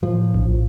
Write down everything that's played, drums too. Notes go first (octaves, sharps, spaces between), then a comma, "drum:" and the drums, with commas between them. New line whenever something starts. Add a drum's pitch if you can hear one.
A2 F3
drum: kick A#1